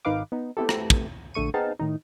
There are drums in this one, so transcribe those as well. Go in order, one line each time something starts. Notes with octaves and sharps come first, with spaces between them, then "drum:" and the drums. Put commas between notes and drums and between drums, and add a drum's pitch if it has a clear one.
G#1 D#3 D#4 B4 F5 D6
B3 D#4
A3 B3 C4 E4 G4 A4
drum: rim click
drum: kick
A#1 D3 A3 C#6 D#7
B3 C4 D#4 G#4 F5 A5
A2 D#3 D#4